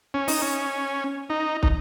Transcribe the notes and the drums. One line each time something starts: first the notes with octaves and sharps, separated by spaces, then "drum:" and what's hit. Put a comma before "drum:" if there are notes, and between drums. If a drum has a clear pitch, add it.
C#4
D#4, drum: open hi-hat
C#4
D#4
D#4, drum: kick